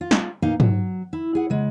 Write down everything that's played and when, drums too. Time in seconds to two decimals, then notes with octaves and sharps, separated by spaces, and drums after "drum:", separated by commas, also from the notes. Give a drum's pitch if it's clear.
0.01 F4
0.11 drum: snare
0.42 A#2 A#3 D#4 F5
0.60 F#3, drum: tom
1.13 E4
1.35 G#4 F#5
1.50 C#3 G#3